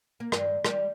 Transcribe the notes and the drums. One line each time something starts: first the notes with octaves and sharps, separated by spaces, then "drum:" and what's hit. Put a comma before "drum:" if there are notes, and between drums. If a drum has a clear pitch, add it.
A#3
G2, drum: rim click
G3, drum: rim click